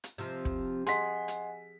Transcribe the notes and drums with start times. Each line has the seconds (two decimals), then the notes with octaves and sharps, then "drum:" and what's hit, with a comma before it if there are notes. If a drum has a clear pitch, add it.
0.04 drum: hi-hat
0.18 C3 F3
0.45 drum: kick
0.87 G#4 D#5 F#5 G#5 C6 B6, drum: hi-hat
1.28 drum: hi-hat